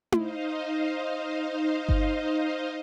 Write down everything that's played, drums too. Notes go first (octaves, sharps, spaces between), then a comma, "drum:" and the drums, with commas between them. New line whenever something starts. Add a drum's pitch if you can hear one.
D#4 C5 D#5 F5, drum: tom E4
drum: kick G1